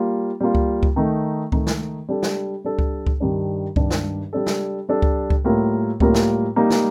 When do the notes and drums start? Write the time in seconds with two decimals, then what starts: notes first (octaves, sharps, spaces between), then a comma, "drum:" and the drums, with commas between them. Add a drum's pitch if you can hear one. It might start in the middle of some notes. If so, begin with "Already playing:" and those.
Already playing: G3 A#3 F4
0.40 G3 A#3 F4
0.55 drum: kick C#2
0.83 drum: kick C#2
0.96 D#3 A3 D#4
1.52 D#3 A3 D#4, drum: kick C#2
1.67 drum: snare
2.09 G3 D4 A4
2.23 drum: snare
2.64 G3 D4 A4
2.79 drum: kick C#2
3.07 drum: kick C#2
3.20 G2 D#3 G3 D4
3.76 G2 D#3 G3 D4, drum: kick C#2
3.91 drum: snare
4.33 G3 D4 A4
4.46 drum: snare
4.89 G3 D4 A4
5.02 drum: kick C#2
5.30 drum: kick C#2
5.44 A2 G3 A#3 F4 A#4
6.00 A2 G3 A#3 F4 A#4, drum: kick C#2
6.14 drum: snare
6.56 G3 A#3 D#4
6.70 drum: snare